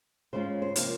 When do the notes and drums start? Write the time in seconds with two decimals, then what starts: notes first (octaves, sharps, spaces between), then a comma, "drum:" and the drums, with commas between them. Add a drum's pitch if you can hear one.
0.33 C#3 G#3 C#4 F4 C5
0.62 C5
0.76 C3 F3 A#3 F4 A#4, drum: hi-hat